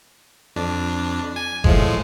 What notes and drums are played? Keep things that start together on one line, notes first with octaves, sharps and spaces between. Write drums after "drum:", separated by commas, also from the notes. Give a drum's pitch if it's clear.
F2 D4
G#5
A2 F3 G#3, drum: kick F#1